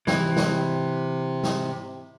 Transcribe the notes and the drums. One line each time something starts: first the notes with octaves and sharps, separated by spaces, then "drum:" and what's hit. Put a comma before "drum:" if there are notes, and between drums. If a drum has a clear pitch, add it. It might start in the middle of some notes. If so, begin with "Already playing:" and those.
C3 E3, drum: snare
drum: snare
drum: snare